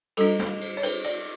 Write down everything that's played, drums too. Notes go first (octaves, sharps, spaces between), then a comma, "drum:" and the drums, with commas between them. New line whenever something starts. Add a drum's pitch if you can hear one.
G3 D4 A4, drum: cymbal
drum: snare
drum: cymbal
C#5
B4, drum: cymbal
D5, drum: cymbal